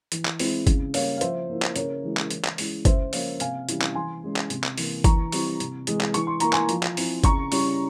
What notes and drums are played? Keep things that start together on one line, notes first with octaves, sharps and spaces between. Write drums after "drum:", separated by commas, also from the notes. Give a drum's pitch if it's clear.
E3, drum: hi-hat
drum: clap
G#3 C4 E4, drum: open hi-hat
C#3, drum: kick G1, hi-hat
G3 A#3 C#5 F5, drum: open hi-hat
F5
F3 C5 E5, drum: hi-hat
A#3 E4
drum: clap
C#3 A#4 C#5, drum: hi-hat
E3 G#3 E4
drum: clap
E3, drum: hi-hat
drum: clap
G#3 C#4 E4, drum: open hi-hat
C#3 C5 E5, drum: kick G1, hi-hat
F3 A#3 C#4 C#5 F5, drum: open hi-hat
C3 F5 G#5, drum: hi-hat
E3 G3 C#4 E4, drum: hi-hat
drum: clap
E3 G#5 C6
G#3 C#4
drum: clap
C3, drum: hi-hat
drum: clap
E3 A#3, drum: open hi-hat
E3 A#5 C#6, drum: kick G1, hi-hat
G3 C4 E4, drum: open hi-hat
C3, drum: hi-hat
E3 G#3, drum: hi-hat
drum: clap
E3 C#6, drum: hi-hat
C6
A#3 E4 A#5, drum: hi-hat
G#5 C6, drum: clap
F3, drum: hi-hat
drum: clap
C4 E4, drum: open hi-hat
C#3 A#5 C#6, drum: kick G1, hi-hat
G3 C#4 E4, drum: open hi-hat